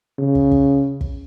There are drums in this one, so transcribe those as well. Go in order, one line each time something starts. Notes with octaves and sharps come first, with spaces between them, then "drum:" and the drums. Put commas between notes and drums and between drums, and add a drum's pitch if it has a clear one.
C#3
drum: kick
drum: kick
drum: kick